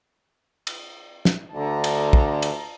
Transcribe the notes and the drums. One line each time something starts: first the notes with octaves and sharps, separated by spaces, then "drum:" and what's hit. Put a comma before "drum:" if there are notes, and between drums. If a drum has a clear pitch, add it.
drum: cymbal
drum: snare
D2 D3 A5 A#5
drum: cymbal
drum: kick
drum: cymbal